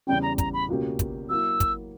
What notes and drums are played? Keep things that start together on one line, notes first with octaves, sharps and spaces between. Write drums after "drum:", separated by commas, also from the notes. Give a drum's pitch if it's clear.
E2 C#3 G3 C#4 G5
A#5
A#5, drum: kick, hi-hat
B5
C#2 B2 A#3 C#4 G4
drum: kick, hi-hat
F#3 A#3 E4 E6
drum: kick, hi-hat